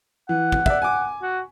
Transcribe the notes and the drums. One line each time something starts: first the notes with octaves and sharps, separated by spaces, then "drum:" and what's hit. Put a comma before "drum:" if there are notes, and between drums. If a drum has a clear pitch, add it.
E3 F#5
drum: kick
D5 E5, drum: kick
G#5 D6
F#4